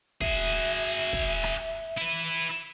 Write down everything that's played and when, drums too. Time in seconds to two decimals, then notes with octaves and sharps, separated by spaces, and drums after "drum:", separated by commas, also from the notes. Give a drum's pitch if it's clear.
0.21 F#4 G#4 E5, drum: kick, hi-hat
0.36 drum: hi-hat
0.52 drum: hi-hat
0.67 drum: hi-hat
0.82 drum: hi-hat
0.98 drum: open hi-hat
1.13 drum: kick, hi-hat
1.28 drum: hi-hat
1.43 drum: rim click
1.59 drum: hi-hat
1.74 drum: hi-hat
1.98 E4 B4
2.20 drum: hi-hat
2.35 drum: hi-hat
2.50 drum: hi-hat